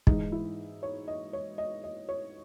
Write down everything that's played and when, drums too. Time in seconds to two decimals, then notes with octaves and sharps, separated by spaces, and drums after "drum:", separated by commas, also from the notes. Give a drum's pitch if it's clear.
0.07 G#2 E3 G#3 D#4, drum: kick
0.32 E4
0.83 C#5
1.08 D#5
1.33 C#5
1.58 D#5
1.84 D#5
2.09 C#5